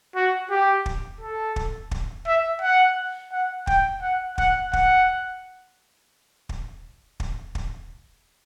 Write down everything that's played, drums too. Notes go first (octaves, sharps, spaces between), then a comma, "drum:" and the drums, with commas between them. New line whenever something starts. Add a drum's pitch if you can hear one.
F#4
G4
drum: kick
A4
drum: kick
drum: kick
E5
F#5
F#5
G5, drum: kick
F#5
F#5, drum: kick
F#5, drum: kick
drum: kick
drum: kick
drum: kick